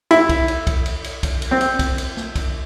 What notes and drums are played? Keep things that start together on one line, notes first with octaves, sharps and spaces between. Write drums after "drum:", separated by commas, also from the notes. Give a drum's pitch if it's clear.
E4, drum: cymbal
drum: kick B1, cymbal
drum: cymbal
drum: kick B1, cymbal
drum: cymbal
drum: cymbal
drum: kick B1, cymbal
drum: cymbal
C4
drum: cymbal
drum: kick B1, cymbal
drum: cymbal
drum: snare
drum: kick B1, cymbal